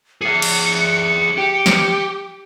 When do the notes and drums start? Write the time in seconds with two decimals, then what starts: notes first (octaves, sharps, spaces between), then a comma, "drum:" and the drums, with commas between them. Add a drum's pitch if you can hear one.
0.22 G#4 E5 C#7
0.42 drum: cymbal
1.37 G4
1.66 drum: snare